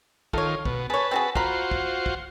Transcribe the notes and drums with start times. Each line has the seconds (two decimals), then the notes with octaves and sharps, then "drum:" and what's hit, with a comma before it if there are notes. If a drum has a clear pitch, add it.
0.33 D#3 F4 A4 C#5, drum: kick
0.65 B2, drum: kick
0.90 G#4 B4 C#5 A5
1.11 C4 F#4 G#4
1.36 F4 F#4 C5 A#5 B5, drum: kick
1.71 drum: kick
2.06 drum: kick